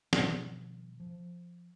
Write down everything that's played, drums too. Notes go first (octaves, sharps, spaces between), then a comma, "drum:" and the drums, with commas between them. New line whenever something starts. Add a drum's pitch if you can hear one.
B2 D#3 F3 G3, drum: snare
F3